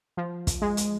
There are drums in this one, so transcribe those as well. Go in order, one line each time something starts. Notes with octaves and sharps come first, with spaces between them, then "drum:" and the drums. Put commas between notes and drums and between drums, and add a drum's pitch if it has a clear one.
F3
drum: kick, hi-hat
G#3
drum: hi-hat